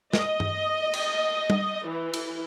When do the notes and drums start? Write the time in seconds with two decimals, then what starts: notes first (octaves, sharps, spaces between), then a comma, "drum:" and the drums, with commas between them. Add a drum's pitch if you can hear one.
0.13 D#5, drum: snare
0.40 drum: tom G2
0.93 drum: cymbal
1.50 drum: tom G3
1.87 E3
2.14 drum: cymbal